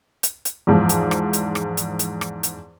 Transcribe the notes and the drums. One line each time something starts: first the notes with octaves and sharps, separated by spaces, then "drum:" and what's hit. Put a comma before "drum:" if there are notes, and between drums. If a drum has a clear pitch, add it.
drum: hi-hat
drum: hi-hat
E2 G#2 F3
drum: hi-hat
drum: rim click
drum: hi-hat
drum: rim click
drum: hi-hat
drum: hi-hat
drum: rim click
drum: hi-hat